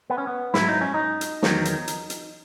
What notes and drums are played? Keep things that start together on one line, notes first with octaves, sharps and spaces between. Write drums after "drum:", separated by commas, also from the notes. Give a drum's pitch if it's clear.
B3
C#4
B3
G#2 F#3 E4, drum: snare
D#4
C#4
D#4
drum: hi-hat
E2 D#3 F#3, drum: snare
drum: hi-hat
drum: hi-hat
drum: hi-hat